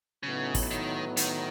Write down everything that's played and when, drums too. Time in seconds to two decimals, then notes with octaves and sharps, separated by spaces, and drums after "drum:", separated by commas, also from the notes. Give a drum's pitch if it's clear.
0.23 A2 C#3 F#3 B3 D#4
0.55 drum: kick, open hi-hat
0.71 D#3
1.17 D#3, drum: hi-hat